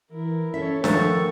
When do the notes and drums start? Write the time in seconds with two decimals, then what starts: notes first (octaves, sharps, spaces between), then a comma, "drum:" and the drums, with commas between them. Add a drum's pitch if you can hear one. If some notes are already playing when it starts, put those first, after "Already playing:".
0.11 E3 E4 A#4
0.54 C#4 A4 C#5 E5
0.84 D3 D#3 F3 A3 A4 A#4 C#6, drum: snare D4